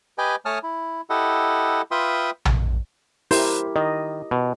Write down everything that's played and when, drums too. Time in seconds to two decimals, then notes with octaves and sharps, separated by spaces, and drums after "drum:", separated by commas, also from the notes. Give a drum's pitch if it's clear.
0.18 G4 B4 D#5 G5 G#5
0.45 A3 C#5 G#5 A5 D#6 F6
0.63 E4
1.10 E4 G4 A4 D#5 F#5
1.91 F4 B4 E5 G5 C6 D#6
2.45 drum: tom A#1
3.31 E4 G4 A#4 C5, drum: open hi-hat
3.76 D#3 D#5
4.31 B2